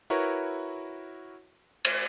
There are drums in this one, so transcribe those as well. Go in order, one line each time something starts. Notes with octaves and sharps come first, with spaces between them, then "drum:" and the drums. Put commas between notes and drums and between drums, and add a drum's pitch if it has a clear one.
E4 F#4 A#4 B4 C#5
drum: cymbal